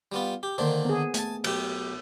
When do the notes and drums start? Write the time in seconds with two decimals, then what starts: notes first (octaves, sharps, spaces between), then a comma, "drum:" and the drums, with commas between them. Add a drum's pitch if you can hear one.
0.12 G3 B3 F4
0.43 G4
0.58 D3 D#3 A#3 D4 C5
0.85 B3 G#4
1.14 A3 G#5 A5, drum: hi-hat
1.44 B1 G4, drum: cymbal